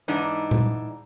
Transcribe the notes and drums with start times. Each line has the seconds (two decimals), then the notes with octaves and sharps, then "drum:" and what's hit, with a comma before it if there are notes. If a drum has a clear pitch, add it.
0.08 G#2 E3 D4 D#4
0.51 drum: tom A#2